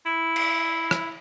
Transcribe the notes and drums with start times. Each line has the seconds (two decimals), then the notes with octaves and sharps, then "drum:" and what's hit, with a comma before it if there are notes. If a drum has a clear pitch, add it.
0.06 E4
0.36 drum: cymbal
0.91 drum: rim click